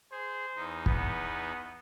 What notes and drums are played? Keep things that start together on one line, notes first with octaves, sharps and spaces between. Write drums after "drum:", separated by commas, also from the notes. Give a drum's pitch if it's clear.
G#4 C5
E2 D#4
B3, drum: kick